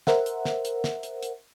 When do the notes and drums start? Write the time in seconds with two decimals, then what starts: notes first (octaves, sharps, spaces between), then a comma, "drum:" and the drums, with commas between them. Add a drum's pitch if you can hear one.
0.07 A#4 C5 E5 F#5, drum: snare
0.26 drum: hi-hat
0.45 drum: snare
0.65 drum: hi-hat
0.84 drum: snare
1.03 drum: hi-hat
1.23 drum: hi-hat